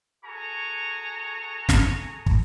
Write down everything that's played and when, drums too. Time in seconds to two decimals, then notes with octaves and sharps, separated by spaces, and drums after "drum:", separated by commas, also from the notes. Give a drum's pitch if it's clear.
0.25 F#4 G#4 A4 G#5 A#5 C#6
1.69 drum: snare
2.26 drum: kick